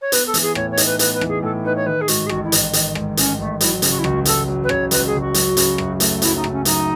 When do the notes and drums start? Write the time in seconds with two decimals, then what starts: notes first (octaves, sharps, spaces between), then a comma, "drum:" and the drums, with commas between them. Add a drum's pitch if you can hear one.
0.01 C#5
0.12 B3 B4, drum: hi-hat
0.26 A4
0.34 E3, drum: hi-hat
0.41 G#4
0.55 A2 C#5, drum: rim click
0.71 C#5
0.77 D#4, drum: hi-hat
0.85 B4
0.99 B3 B4, drum: hi-hat
1.14 B4
1.21 E3, drum: rim click
1.28 G#4
1.43 A2 A4
1.64 D#4 B4
1.76 C#5
1.86 D#3 B4
2.01 G#4
2.08 G#2 F#4, drum: hi-hat
2.26 G#4
2.29 A1 F#4, drum: rim click
2.44 E4
2.52 A1, drum: hi-hat
2.73 D#3, drum: hi-hat
2.95 G#2, drum: rim click
3.17 A1 C#4, drum: hi-hat
3.39 A1 A3
3.60 F#3 E4, drum: hi-hat
3.82 C#3, drum: hi-hat
3.90 F#4
3.98 E4
4.04 C#2 F#4, drum: rim click
4.25 C#2 A4, drum: hi-hat
4.48 F#3
4.63 B4
4.69 C#3 C#5, drum: rim click
4.91 C#2 B4, drum: hi-hat
5.06 G#4
5.13 C#2
5.20 F#4
5.34 F#3, drum: hi-hat
5.57 C#3, drum: hi-hat
5.78 F#2, drum: rim click
6.00 A3, drum: hi-hat
6.22 F#3 E4, drum: hi-hat
6.36 D#4
6.44 C#3, drum: rim click
6.51 C#4
6.65 F#2 D#4, drum: hi-hat